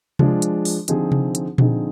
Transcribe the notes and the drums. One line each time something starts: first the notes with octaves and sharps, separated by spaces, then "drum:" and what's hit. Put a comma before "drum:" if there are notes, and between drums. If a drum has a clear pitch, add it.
F3 G#3 D4 F4 G#4, drum: tom C3
drum: hi-hat
drum: open hi-hat
D3 F3 C4 D#4 G#4, drum: hi-hat
drum: tom C3
drum: hi-hat
D3 F3 C4 D#4 G#4, drum: tom A#2